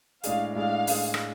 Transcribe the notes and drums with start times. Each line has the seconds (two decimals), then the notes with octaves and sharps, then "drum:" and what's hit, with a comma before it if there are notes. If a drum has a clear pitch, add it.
0.23 A2 G#3 D4 G#4 F5, drum: hi-hat
0.55 A2 G#3 D4 G#4 F5
0.87 A2 G#3 D4 G#4, drum: open hi-hat
1.14 drum: rim click